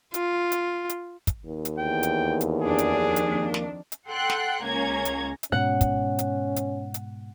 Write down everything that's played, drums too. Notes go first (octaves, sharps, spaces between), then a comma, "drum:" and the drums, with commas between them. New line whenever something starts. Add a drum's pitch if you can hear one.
F4, drum: hi-hat
drum: hi-hat
drum: hi-hat
drum: kick, hi-hat
D#2
drum: hi-hat
E2 G5
drum: hi-hat
drum: hi-hat
F2 D#3 D4 G#4
drum: hi-hat
drum: hi-hat
A#3
drum: snare
drum: hi-hat
A4 F#5 G5 C6 F#6
drum: snare
C#2 A#3 C#4 A#5 G#6
drum: hi-hat
drum: hi-hat
G#2 B2 C#4 F#5
drum: kick, hi-hat
drum: hi-hat
drum: hi-hat
drum: hi-hat